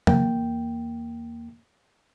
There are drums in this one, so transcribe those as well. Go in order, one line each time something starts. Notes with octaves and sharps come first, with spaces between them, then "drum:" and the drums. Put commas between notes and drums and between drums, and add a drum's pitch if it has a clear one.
E2 A#3 G5, drum: tom